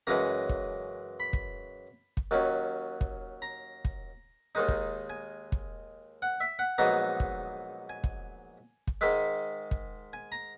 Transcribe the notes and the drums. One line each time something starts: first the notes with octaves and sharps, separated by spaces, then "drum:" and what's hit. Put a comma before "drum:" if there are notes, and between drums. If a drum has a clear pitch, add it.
F#2 C#3 E3 G#3 C#4 A#5
drum: kick
B5
drum: kick
drum: kick
D#2 D#3 F#3 C#4
drum: kick
A#5
drum: kick
D#2 D#3 G#3 D#4
drum: kick
G#5
drum: kick
F#5
E5
F#5
A#1 G#2 F#3 B3 D#4 A#5
drum: kick
G#5
drum: kick
drum: kick
G#2 D#3 G#3 E5
drum: kick
G#5
A#5